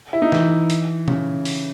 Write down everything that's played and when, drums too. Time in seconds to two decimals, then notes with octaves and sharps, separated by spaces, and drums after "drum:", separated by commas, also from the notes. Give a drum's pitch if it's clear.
0.13 E4
0.22 D#4
0.32 E3, drum: snare
0.70 drum: hi-hat
1.08 C#3, drum: tom A#2
1.45 drum: open hi-hat